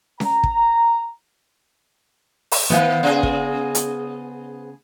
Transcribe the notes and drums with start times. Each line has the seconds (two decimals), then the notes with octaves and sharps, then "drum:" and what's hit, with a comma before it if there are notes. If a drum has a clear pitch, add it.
0.20 A#5, drum: snare C#4
0.43 drum: kick
2.52 drum: open hi-hat
2.70 D#3 B3 C5 F5
3.03 C#3 G#4
3.23 drum: kick
3.75 drum: hi-hat